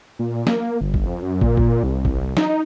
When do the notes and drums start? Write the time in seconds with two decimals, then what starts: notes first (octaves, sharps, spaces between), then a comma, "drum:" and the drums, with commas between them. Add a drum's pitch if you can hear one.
0.19 A#2
0.47 A#3, drum: snare
0.81 G1
0.94 drum: kick
1.06 F2
1.22 F#2
1.41 A#2, drum: kick
1.57 drum: kick
1.83 C2
2.05 drum: kick
2.37 D#4, drum: snare
2.49 D#4